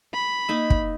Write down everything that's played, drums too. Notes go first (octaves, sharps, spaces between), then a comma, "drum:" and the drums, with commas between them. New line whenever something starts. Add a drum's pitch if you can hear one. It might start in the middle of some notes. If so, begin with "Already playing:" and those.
B5
A#3 D#4 E5
drum: kick